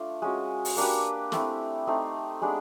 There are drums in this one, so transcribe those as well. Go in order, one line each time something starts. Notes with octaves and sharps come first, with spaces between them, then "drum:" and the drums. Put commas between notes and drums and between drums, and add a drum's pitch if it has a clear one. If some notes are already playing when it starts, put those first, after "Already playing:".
Already playing: A3 D4 F4
G#3 C#4 F#4
drum: open hi-hat
A#3 D4 G4 B4, drum: open hi-hat
A3 C4 E4, drum: snare
A3 C4 D#4
G#3 B3 D4 G4